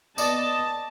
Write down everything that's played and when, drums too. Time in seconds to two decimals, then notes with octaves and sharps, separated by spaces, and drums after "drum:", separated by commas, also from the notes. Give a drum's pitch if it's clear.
0.18 B3 D5 D#5 A5, drum: tambourine